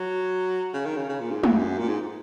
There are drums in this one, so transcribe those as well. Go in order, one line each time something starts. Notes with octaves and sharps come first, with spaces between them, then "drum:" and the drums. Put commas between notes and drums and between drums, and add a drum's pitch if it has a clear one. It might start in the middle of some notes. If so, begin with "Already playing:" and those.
Already playing: F#3
C#3
D#3
C#3
C#3
A#2
G#2
F2, drum: tom G#3
F#2
A#2
G#2